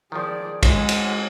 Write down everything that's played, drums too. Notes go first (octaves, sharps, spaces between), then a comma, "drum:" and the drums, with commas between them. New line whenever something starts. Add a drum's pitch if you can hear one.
D#3 F3 G#4 D5
G#3 F#5, drum: kick, cymbal
drum: cymbal